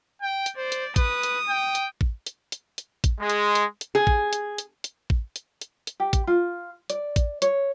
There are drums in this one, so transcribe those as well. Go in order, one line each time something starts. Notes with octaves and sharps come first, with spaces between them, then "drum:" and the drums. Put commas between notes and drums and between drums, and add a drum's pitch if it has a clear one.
G5
drum: hi-hat
C5 D5
drum: hi-hat
B4 D#6, drum: kick A1, hi-hat
drum: hi-hat
G5
drum: hi-hat
drum: kick A1
drum: hi-hat
drum: hi-hat
drum: hi-hat
drum: kick A1, hi-hat
G#3
drum: hi-hat
drum: hi-hat
drum: hi-hat
G#4
drum: kick A1
drum: hi-hat
drum: hi-hat
drum: hi-hat
drum: kick A1
drum: hi-hat
drum: hi-hat
drum: hi-hat
G4
drum: kick A1, hi-hat
F4
D5, drum: hi-hat
drum: kick A1, hi-hat
C#5, drum: hi-hat